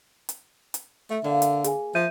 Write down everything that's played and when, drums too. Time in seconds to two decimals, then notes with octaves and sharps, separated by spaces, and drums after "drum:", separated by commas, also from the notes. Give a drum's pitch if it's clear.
0.29 drum: hi-hat
0.74 drum: hi-hat
1.10 A3 E5
1.24 D3 A#3
1.42 drum: hi-hat
1.64 G#4 G#5, drum: hi-hat
1.95 F3 E5 G6 D#7